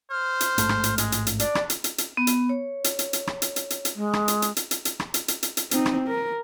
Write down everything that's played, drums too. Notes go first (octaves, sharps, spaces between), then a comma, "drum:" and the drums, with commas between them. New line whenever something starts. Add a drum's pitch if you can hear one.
C5 F6
drum: hi-hat
A1 G#2 A3, drum: hi-hat
drum: rim click
drum: hi-hat
G#3, drum: hi-hat
drum: hi-hat
drum: hi-hat
D4 D5, drum: hi-hat
drum: rim click
drum: hi-hat
drum: hi-hat
drum: hi-hat
B3
drum: hi-hat
C#5
drum: hi-hat
drum: hi-hat
drum: hi-hat
drum: rim click
drum: hi-hat
drum: hi-hat
drum: hi-hat
drum: hi-hat
G#3
drum: rim click
drum: hi-hat
drum: hi-hat
drum: hi-hat
drum: hi-hat
drum: hi-hat
drum: rim click
drum: hi-hat
drum: hi-hat
drum: hi-hat
drum: hi-hat
C4 D#4, drum: hi-hat
drum: rim click
A#4